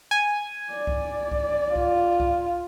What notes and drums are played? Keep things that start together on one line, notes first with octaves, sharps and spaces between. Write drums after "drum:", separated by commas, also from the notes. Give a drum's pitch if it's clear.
G#5
D5
drum: kick C2
drum: kick C2
F4, drum: kick C2
drum: kick C2